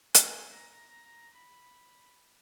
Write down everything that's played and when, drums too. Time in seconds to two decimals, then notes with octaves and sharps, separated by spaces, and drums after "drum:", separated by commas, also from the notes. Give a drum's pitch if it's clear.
0.14 G#5, drum: hi-hat
0.54 A#5
1.34 B5